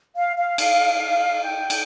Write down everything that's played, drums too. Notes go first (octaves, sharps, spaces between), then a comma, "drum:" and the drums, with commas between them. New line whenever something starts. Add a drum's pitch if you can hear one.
F5
F5
drum: cymbal
G5
drum: cymbal